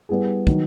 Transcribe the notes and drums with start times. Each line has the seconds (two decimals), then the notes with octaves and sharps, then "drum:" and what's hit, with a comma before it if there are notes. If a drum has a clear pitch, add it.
0.09 G3 B3 E4 G#4
0.47 D#3 F#3 B3, drum: kick